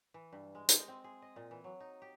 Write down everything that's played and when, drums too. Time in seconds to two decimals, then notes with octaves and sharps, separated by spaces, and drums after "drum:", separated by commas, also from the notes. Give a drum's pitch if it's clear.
0.14 E3
0.33 G2
0.55 G#3
0.69 D#5, drum: hi-hat
0.88 C4
1.04 G#4
1.22 D#5
1.36 A#2
1.51 E3
1.64 F#3
1.80 D#4
2.02 G4